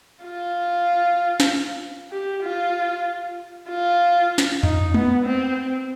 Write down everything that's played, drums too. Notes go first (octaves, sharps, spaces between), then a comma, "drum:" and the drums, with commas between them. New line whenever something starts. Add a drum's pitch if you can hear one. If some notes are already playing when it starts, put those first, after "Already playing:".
F4
drum: snare
G4
F4
F4
drum: snare
D#4, drum: tom E2
B3, drum: tom
C4